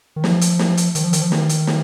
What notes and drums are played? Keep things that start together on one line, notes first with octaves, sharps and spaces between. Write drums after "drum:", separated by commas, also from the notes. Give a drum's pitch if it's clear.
D#3
F3, drum: snare
drum: hi-hat
drum: snare
drum: hi-hat
D#3, drum: hi-hat
F3
D#3, drum: hi-hat
F3
D#3, drum: snare
drum: hi-hat
drum: snare